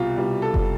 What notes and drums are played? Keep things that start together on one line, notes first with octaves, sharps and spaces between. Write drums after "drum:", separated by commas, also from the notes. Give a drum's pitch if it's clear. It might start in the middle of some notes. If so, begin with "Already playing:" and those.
Already playing: C2 B2 G3 F4
C2 B2 G3
A4
drum: kick F#1